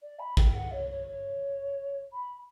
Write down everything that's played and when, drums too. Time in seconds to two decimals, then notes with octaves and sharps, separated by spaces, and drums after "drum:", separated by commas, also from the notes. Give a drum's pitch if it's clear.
0.02 D5
0.19 B5
0.37 G5, drum: kick G#1
0.54 F#5
0.71 C#5
0.90 C#5
1.07 C#5
2.12 B5